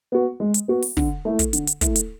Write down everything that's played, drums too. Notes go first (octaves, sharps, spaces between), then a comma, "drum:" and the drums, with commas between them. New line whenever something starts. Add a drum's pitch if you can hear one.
B3 F#4
G#3
drum: hi-hat
B3 F#4
drum: open hi-hat
D3, drum: kick
A3 E4 A4
drum: kick, hi-hat
D3, drum: hi-hat
drum: hi-hat
A3 E4 A4, drum: kick, hi-hat
drum: hi-hat